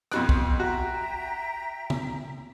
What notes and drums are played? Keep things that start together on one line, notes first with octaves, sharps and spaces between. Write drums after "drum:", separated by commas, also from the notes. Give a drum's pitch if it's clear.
F2 B2 F#6, drum: rim click
drum: kick
F#4 E5 G5 A#5
drum: tom C#3